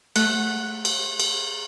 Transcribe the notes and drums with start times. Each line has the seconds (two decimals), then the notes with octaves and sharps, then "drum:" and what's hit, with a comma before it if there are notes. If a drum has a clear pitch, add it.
0.16 A3 F#5, drum: cymbal
0.85 drum: cymbal
1.20 drum: cymbal